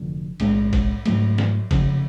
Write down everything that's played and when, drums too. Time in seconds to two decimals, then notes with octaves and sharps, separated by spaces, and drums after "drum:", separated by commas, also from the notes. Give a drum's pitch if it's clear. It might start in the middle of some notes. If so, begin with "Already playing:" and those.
Already playing: F1 F2 D3
0.40 B1 A2 G#3 D4, drum: cymbal
0.73 drum: kick, cymbal
1.06 G#2 F#3 A3, drum: cymbal
1.38 drum: snare
1.71 F1 F2 C#3, drum: kick, cymbal